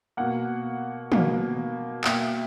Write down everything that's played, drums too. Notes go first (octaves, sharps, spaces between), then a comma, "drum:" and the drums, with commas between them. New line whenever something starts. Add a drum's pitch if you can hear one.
B2 A#3 F#5
B2 A#3, drum: tom
B2 A#3 E5 G5, drum: clap